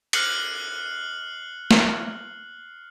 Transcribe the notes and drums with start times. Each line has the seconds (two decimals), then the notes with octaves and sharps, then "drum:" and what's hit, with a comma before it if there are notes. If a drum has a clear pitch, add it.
0.13 F6 F#6 C7 C#7 F#7, drum: cymbal
1.71 drum: snare